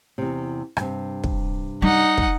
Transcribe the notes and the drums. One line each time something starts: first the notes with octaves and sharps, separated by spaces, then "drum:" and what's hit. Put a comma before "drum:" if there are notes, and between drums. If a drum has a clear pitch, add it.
E2 C3
G2 C3, drum: rim click
drum: kick
G3 D#4 F#5
drum: kick